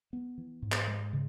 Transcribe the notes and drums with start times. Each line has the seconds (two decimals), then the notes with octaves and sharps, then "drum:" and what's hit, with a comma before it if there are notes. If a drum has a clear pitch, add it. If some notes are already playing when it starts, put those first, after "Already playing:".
0.13 B3
0.38 E3
0.62 G#2
0.72 drum: clap
0.88 G#3
1.13 C#3